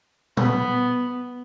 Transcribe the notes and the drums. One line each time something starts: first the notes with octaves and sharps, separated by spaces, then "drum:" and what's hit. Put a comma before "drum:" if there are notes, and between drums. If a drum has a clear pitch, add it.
B3, drum: tom A#2